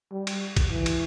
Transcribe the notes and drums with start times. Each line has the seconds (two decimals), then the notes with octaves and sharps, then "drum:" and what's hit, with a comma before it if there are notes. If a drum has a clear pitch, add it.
0.12 G3
0.27 drum: cymbal
0.56 drum: kick, cymbal
0.71 E3
0.86 drum: cymbal